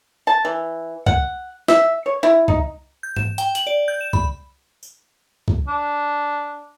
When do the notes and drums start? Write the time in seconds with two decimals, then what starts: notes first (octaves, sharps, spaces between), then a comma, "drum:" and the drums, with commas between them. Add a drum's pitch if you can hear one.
0.27 A5
0.45 E3
1.06 F#5, drum: kick C2
1.68 E5, drum: snare
2.06 C#5
2.23 E4
2.48 D#4, drum: kick C2
3.03 G6
3.16 E7, drum: tom G#2
3.38 G5, drum: hi-hat
3.55 F#7, drum: hi-hat
3.67 D5
3.88 G6
4.01 E7
4.13 B5, drum: kick C2
4.83 drum: tambourine
5.48 drum: kick C2
5.68 D4